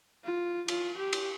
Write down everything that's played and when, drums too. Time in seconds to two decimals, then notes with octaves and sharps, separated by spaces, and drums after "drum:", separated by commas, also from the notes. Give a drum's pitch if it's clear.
0.24 F4
0.68 F4, drum: cymbal
0.97 G4
1.13 drum: cymbal